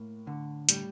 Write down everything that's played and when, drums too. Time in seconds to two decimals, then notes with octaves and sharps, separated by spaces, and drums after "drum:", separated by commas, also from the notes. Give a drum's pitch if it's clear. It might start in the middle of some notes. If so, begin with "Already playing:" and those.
Already playing: A2 A#3
0.27 D3
0.69 A2 G3, drum: hi-hat